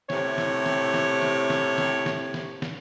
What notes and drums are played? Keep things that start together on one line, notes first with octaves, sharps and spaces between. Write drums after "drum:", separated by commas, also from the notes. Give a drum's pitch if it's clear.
A2 C3 E4 C#5, drum: snare
drum: snare
drum: snare
drum: snare
drum: snare
drum: snare
drum: snare
drum: snare
drum: snare
drum: snare